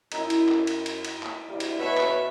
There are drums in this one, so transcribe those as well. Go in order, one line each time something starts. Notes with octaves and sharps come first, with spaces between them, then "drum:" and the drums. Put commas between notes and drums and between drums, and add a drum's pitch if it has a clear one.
F#2 D#4 E4, drum: cymbal
drum: cymbal
drum: clap
drum: cymbal
drum: cymbal
drum: cymbal
drum: clap
D2 G3 E4 D5 F5
drum: cymbal
B2 F#4 B4 C#5 E5 B5
drum: clap